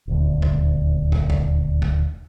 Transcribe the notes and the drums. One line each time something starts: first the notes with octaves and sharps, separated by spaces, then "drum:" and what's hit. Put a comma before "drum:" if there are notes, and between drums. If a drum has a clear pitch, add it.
D#1 D2
drum: kick
drum: kick
drum: kick
drum: kick